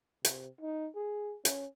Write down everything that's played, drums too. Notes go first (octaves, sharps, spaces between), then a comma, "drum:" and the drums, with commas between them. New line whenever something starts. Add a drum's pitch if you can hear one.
C3, drum: hi-hat
D#4
G#4
C#4, drum: hi-hat